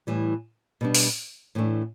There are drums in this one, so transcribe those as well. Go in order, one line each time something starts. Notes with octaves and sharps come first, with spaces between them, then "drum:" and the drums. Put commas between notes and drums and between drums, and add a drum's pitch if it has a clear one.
A2 E3 G3
B2 G3 B3 D4
drum: open hi-hat
A2 E3 A3 D4